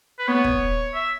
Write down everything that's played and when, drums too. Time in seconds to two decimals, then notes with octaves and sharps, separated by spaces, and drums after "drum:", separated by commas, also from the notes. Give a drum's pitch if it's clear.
0.19 B4
0.28 B3 C#5
0.44 drum: kick
0.94 E5